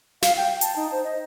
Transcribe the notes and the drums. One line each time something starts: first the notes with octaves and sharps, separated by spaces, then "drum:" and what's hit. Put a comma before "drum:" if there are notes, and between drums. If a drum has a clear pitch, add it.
F5, drum: snare
G5
A5, drum: hi-hat
D#4
C5
D#5